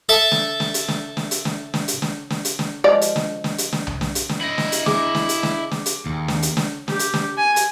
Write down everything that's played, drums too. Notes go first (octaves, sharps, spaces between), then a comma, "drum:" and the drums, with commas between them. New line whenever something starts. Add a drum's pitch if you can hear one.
A4 E5 A5
drum: snare
drum: snare
drum: hi-hat
drum: snare
drum: snare
drum: hi-hat
drum: snare
drum: snare
drum: hi-hat
drum: snare
drum: snare
drum: hi-hat
drum: snare
F3 G#3 D5
drum: hi-hat
drum: snare
drum: snare
drum: hi-hat
drum: snare
drum: tom B1
drum: snare
drum: hi-hat
drum: snare
E4 D#5
drum: snare
drum: hi-hat
G#4 D6, drum: snare
drum: snare
drum: hi-hat
drum: snare
drum: snare
drum: hi-hat
D#2
drum: snare
drum: hi-hat
drum: snare
G4, drum: snare
drum: hi-hat
drum: snare
G#5
drum: hi-hat